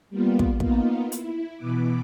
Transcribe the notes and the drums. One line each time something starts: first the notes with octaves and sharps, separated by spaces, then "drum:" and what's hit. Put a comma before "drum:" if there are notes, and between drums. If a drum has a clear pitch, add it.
G3 A#3 B3 F4
drum: kick
A#3 B3 D#4 F4, drum: kick
E4, drum: hi-hat
B2 E3 B3 D6